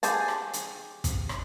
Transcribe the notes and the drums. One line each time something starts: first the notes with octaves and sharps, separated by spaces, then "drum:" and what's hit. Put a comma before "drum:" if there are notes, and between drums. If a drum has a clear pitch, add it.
G4 G#4 G#5 A5, drum: hi-hat
drum: rim click
drum: hi-hat
drum: kick, hi-hat
drum: rim click